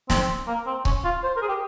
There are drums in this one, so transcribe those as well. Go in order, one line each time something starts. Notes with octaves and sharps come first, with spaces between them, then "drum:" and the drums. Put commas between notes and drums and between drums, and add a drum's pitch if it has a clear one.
C4, drum: snare
A#3
C4
C#4, drum: kick C#1
F4
C5
A#4
G#4
G4